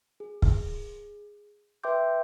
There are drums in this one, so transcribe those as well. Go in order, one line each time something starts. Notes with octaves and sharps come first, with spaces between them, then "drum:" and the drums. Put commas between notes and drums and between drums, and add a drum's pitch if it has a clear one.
G#4
drum: kick
B4 E5 G5 C6 D6 G6